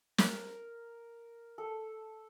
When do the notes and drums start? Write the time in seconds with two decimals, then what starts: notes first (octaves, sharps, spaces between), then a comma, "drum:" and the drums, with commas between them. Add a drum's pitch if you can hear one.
0.18 A#4, drum: snare
1.58 A4